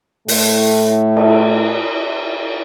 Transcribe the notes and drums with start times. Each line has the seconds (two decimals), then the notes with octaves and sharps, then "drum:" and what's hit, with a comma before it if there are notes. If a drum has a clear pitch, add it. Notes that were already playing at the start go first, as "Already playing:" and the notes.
0.28 A2 A3, drum: open hi-hat
1.17 drum: cymbal